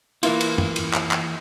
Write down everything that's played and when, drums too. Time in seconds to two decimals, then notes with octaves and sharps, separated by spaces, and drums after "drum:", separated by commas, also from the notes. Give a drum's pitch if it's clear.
0.23 E3 A#3 E4 F4, drum: cymbal
0.41 drum: cymbal
0.58 drum: tom
0.76 drum: cymbal
0.94 drum: clap
1.11 drum: clap